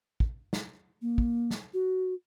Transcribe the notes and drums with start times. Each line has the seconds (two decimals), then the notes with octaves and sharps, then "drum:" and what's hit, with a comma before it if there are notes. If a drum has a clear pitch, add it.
0.20 drum: kick
0.53 drum: snare
1.02 A#3
1.18 drum: kick
1.51 drum: snare
1.74 F#4